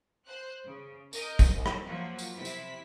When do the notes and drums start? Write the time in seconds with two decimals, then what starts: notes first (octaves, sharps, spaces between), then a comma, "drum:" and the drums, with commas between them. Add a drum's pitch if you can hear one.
0.26 C5 F#6
0.65 C#3
1.13 A#4 D#5 G6, drum: tambourine
1.39 drum: kick, tambourine
1.55 C2
1.66 drum: rim click
1.85 C3 F3 F#3 A#3 F#4
2.19 drum: tambourine
2.36 C3 E4 B6
2.45 drum: tambourine